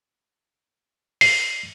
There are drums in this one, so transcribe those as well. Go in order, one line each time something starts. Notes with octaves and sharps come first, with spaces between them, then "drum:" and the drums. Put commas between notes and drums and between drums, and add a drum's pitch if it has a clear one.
C7, drum: open hi-hat